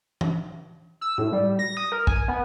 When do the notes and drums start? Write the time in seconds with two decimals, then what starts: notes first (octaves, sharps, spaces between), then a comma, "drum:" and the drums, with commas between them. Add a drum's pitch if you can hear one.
0.21 drum: tom
1.01 E6
1.18 A2
1.32 G3
1.59 A#6
1.77 D#6
1.92 A#4
2.07 G#5, drum: kick
2.28 B3